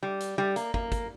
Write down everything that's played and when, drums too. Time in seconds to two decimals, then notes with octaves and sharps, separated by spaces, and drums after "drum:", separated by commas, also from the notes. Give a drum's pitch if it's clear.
0.03 G3
0.20 drum: hi-hat
0.38 G3
0.56 A#3, drum: hi-hat
0.74 A#3, drum: kick
0.92 drum: kick, hi-hat